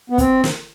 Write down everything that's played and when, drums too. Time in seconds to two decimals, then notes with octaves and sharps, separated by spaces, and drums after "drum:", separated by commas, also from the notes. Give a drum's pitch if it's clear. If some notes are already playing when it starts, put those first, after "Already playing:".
0.10 B3
0.18 C4, drum: kick, hi-hat
0.44 drum: snare